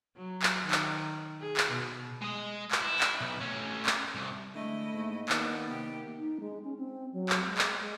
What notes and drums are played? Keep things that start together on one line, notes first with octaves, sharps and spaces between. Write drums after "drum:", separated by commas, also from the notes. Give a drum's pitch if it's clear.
F#3
drum: clap
D#3
drum: clap
G#4
drum: clap
B2
G#3 D#5
drum: clap
E4
drum: clap
B1
A3 C#4
drum: clap
C2
D3 G#3 A3 E4 D#5
G#2 A#3
D#3 B3 D4, drum: clap
C3 G4
D#4
G#3
C#4
C4
F#3
drum: clap
G#3
drum: clap
G#3